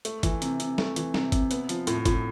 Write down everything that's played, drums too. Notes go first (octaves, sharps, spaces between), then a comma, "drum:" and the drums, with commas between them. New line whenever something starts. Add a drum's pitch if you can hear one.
A3, drum: hi-hat
E3, drum: kick, hi-hat
C3, drum: hi-hat
C3, drum: hi-hat
A3, drum: snare
E3, drum: hi-hat
C3, drum: snare
C3, drum: kick, hi-hat
B3, drum: hi-hat
F3, drum: hi-hat
A2, drum: hi-hat
A2, drum: kick, hi-hat